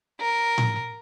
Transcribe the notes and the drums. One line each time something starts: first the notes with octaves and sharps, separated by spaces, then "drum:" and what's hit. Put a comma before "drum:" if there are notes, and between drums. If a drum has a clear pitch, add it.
A#4
drum: tom A2